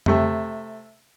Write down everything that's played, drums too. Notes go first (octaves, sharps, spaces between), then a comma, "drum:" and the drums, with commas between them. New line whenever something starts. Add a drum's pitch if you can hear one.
C3 A3, drum: tom F2